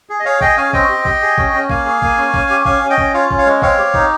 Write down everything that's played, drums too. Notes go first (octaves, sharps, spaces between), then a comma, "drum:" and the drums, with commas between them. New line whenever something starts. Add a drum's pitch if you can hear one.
G#4
D#5
G#4 C#5 F5
G#4 D#5 G5, drum: kick A1
C#4 F5 G#5
C4 D#5 G5, drum: kick A1
G4
G4, drum: kick A1
G#4
C#4, drum: kick A1
C#4
A#3 F5 G#5, drum: kick A1
G#4
A#3, drum: kick A1
C#4
C#4, drum: kick A1
G4
C#4 F5 G#5, drum: kick A1
C#4
D#5 G5
C#4, drum: kick A1
F4 C#5 F5
C#4, drum: kick A1
C#5 F5
G#3
C4 C#5 F5, drum: kick A1
G4
D#4, drum: kick A1